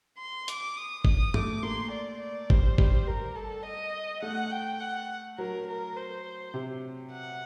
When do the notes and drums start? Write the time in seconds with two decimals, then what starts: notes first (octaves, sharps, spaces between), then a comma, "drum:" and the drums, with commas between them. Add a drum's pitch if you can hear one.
0.18 C6
0.48 D6, drum: hi-hat
0.77 D#6
1.05 D#6, drum: kick G1
1.34 A3 D6, drum: tom G#2
1.63 A#3 C6
1.91 D5
2.20 D5
2.50 G3 C5, drum: kick G1
2.78 G3, drum: kick G1
3.07 G3 A#4
3.36 A4
3.65 D#5
4.22 A3 F#5
4.51 G5
4.80 F#5
5.38 F#3 A#4
5.67 A#4
5.96 C5
6.54 C3
7.12 F#5